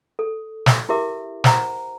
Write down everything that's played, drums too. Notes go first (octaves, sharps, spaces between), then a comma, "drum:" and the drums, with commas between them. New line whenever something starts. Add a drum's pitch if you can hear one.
A4
drum: snare
E4 G4 A#4 E5 D6
C5 F#5 A#5, drum: snare